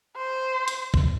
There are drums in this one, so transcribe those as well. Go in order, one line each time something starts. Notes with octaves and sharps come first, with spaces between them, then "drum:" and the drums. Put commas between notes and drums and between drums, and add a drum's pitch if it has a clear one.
C5
drum: hi-hat
drum: kick B1